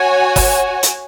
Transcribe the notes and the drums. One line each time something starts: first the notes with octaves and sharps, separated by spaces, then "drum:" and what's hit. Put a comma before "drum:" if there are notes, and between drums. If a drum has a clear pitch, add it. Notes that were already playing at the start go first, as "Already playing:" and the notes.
Already playing: F#4 C#5 G#5
drum: kick, open hi-hat
drum: hi-hat